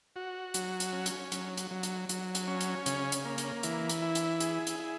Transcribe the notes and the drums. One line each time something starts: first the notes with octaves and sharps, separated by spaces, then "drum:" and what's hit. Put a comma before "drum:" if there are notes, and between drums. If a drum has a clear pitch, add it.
F#4
F#3, drum: hi-hat
drum: hi-hat
C#4
drum: hi-hat
F#3, drum: hi-hat
drum: hi-hat
F#3
drum: hi-hat
F#3, drum: hi-hat
drum: hi-hat
C#4
drum: hi-hat
C#3, drum: hi-hat
drum: hi-hat
A#3
drum: hi-hat
E3, drum: hi-hat
drum: hi-hat
E4
drum: hi-hat
G#4, drum: hi-hat
drum: hi-hat
E4